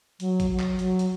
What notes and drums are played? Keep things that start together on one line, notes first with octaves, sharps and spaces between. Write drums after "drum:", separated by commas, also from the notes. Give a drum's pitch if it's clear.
F#3, drum: hi-hat
drum: kick A1, hi-hat
F#3
drum: clap
F#3, drum: hi-hat
drum: hi-hat